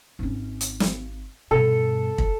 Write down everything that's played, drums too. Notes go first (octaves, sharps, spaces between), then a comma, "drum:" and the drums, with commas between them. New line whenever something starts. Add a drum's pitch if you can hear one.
G#1 C#4
drum: hi-hat
drum: snare
G2 B2 A4
drum: kick